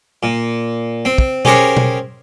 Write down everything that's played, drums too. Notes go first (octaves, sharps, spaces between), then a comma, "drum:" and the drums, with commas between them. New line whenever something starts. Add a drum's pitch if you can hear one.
A#2
C4
drum: kick
C#4 G4 G#4 A#4 C5 C#5, drum: tom B2
drum: tom B2